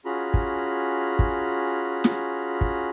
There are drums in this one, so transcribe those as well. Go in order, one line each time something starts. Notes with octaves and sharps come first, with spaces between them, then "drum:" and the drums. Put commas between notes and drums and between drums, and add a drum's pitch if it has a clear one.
C#4 F4 F#4 G#4 A#5 B5
drum: kick
drum: kick
drum: snare
drum: kick